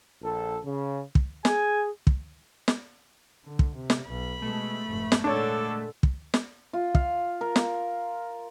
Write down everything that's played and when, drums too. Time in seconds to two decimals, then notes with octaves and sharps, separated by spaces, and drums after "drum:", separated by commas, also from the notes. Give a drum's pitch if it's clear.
0.23 A#1 A4
0.64 C#3
1.15 drum: kick
1.45 G#4 G#5, drum: snare
2.07 drum: kick
2.68 drum: snare
3.45 D3
3.59 drum: kick
3.75 C3
3.90 drum: snare
4.09 B1 B5
4.42 B2 G#3 A3
4.87 F1 G#2
5.12 drum: snare
5.24 A#2 D3 G#3 D4 A4 C#5
6.03 drum: kick
6.34 drum: snare
6.73 F4
6.95 F5, drum: kick
7.41 A#4
7.56 drum: snare